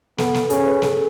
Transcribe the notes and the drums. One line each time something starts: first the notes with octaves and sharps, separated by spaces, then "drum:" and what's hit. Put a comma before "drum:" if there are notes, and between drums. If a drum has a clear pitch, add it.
B3 A4, drum: snare
drum: snare
C#4 G#4, drum: hi-hat
B4
A4, drum: snare